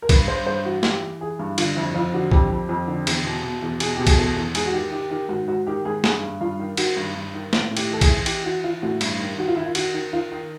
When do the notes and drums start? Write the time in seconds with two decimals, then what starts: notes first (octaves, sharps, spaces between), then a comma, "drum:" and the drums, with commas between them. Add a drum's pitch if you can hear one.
0.02 A#4
0.09 G2 B4, drum: kick B1, cymbal
0.27 G2 C5
0.46 G2 C5
0.65 E3 F#4
0.83 E3 G4, drum: snare
1.02 E3
1.21 E3 G#4
1.39 G2
1.58 D3 F4, drum: cymbal
1.76 F2 E4
1.94 F2 F4
2.14 D3 F#4
2.32 F2 G4, drum: kick B1
2.50 F2
2.69 F2
2.88 D3
3.07 E2, drum: cymbal
3.24 B2
3.43 B2
3.62 E2
3.80 B2 G#4, drum: cymbal
3.96 B2 G4
4.07 G#4, drum: kick B1, cymbal
4.18 E2 A4
4.36 E2
4.55 G#2 G#4, drum: cymbal
4.66 F#4
4.73 D#3 G4
4.92 D#3 G4
5.10 D#3 G4
5.29 G#2 F#4
5.48 G#2 F#4
5.67 D#3 G4
5.85 G#2 G#4
6.04 G2 G#4, drum: snare
6.23 G2
6.41 G2 F4
6.59 D#3
6.77 D#3 F#4, drum: cymbal
6.97 G2
7.15 G2
7.34 D#3
7.53 A2, drum: snare
7.71 A2
7.77 G4, drum: cymbal
7.90 E3 A4
8.01 G#4, drum: kick B1, cymbal
8.08 E3
8.26 E3 G4, drum: cymbal
8.45 E3 F#4
8.64 E3 F4
8.82 A2 F#4
9.01 G2 E4, drum: cymbal
9.20 D#3
9.38 D#3 F#4
9.48 F4
9.56 D#3 E4
9.66 F4
9.75 D#3 F#4, drum: cymbal
9.94 D#3
10.13 D#3 F4
10.32 D#3